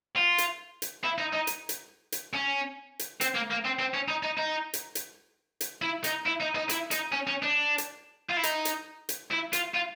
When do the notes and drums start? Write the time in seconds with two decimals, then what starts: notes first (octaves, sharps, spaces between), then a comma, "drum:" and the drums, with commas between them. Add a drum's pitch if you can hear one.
0.16 F4
0.38 drum: hi-hat
0.82 drum: hi-hat
1.04 E4
1.18 D#4
1.33 D#4
1.47 drum: hi-hat
1.69 drum: hi-hat
2.12 drum: hi-hat
2.34 C#4
2.99 drum: hi-hat
3.21 C4, drum: hi-hat
3.35 A#3
3.51 A#3
3.65 C4
3.79 C4
3.94 C#4
4.08 D#4
4.23 D#4
4.37 D#4
4.74 drum: hi-hat
4.95 drum: hi-hat
5.61 drum: hi-hat
5.82 E4
6.04 D#4, drum: hi-hat
6.26 E4
6.40 D#4
6.55 D#4
6.69 E4, drum: hi-hat
6.91 D#4, drum: hi-hat
7.12 C#4
7.27 C#4
7.42 D4
7.78 drum: hi-hat
8.29 F4
8.37 E4
8.43 D#4, drum: hi-hat
8.65 drum: hi-hat
9.09 drum: hi-hat
9.31 E4
9.53 F4, drum: hi-hat
9.74 F4